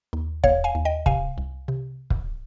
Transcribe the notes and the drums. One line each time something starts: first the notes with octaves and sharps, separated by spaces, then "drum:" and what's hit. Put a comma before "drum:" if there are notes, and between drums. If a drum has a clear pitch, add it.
D#2
D#2 C#5 F5, drum: kick
F5 G#5
D#2
D#5 G5
C3 F5 G#5, drum: kick
C2
C3
drum: kick